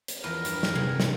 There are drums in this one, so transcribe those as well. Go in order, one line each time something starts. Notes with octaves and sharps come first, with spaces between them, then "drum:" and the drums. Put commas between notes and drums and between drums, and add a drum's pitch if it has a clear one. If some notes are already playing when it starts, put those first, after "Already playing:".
drum: hi-hat
E2 F3 A#4 B4
G2, drum: hi-hat
drum: snare
C3 G#4 F5 F#5
drum: snare